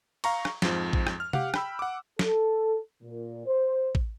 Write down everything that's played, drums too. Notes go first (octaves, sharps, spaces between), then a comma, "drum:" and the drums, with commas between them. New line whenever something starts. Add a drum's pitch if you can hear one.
F5 A#5 C#6, drum: cymbal
drum: rim click
F2 G#2 F3, drum: snare
drum: kick
drum: rim click
F6
G4 F5 F#5, drum: tom C3
G5 B5 E6, drum: rim click
F#5 D6
A4, drum: snare
A#2
C5
drum: kick